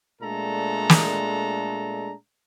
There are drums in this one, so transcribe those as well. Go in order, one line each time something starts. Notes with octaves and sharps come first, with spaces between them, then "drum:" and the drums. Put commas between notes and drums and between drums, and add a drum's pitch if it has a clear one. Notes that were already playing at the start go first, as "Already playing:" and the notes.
A#2 G#3 A3 D4 A4 A#5
drum: snare